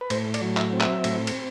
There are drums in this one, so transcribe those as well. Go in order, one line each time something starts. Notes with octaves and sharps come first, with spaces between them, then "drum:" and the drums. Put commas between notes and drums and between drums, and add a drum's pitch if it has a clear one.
B4
A2 C5, drum: cymbal
D5, drum: cymbal
F#3
E5, drum: clap
C4
E5, drum: clap
A2, drum: cymbal
drum: cymbal